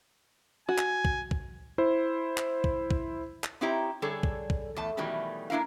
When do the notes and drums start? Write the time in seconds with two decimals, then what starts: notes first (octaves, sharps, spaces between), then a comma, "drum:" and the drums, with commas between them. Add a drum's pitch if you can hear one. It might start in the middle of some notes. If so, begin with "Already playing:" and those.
0.69 F#4 G#5
0.78 drum: clap
1.05 drum: kick
1.31 drum: kick
1.78 E4 C5
2.37 drum: clap
2.64 drum: kick
2.91 drum: kick
3.44 drum: clap
3.61 C4 D#4 E4 G4 C#5 A#5
4.02 D3 G3 G#4 A4 C#5
4.23 drum: kick
4.50 drum: kick
4.76 E2 A3 A5
4.97 B2 D#3 E3 F#3 G3 A3
5.50 A#3 D4 E4 A#4 F5